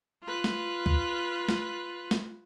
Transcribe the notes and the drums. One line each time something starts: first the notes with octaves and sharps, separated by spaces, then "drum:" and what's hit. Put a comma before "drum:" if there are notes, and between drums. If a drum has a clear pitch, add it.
F4 B4
drum: snare
drum: kick
drum: snare
drum: snare